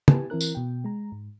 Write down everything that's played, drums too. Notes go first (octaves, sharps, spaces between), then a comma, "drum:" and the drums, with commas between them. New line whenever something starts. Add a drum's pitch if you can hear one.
E4 G4 B4 G#5 A5, drum: tom
E3 C4 E4 A#4 F#6
drum: tambourine
B2 G5
G#3 A#5
G#2